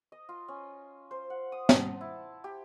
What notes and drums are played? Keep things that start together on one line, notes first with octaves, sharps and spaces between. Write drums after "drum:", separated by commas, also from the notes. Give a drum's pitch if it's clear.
D#5
F4
C#4
C5
F#5
D#6
drum: snare
A5
E4
G4